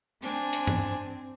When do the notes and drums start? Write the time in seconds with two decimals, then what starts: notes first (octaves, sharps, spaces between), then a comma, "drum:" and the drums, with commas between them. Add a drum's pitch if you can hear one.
0.22 C4 D4 G#5
0.53 drum: hi-hat
0.67 drum: tom G2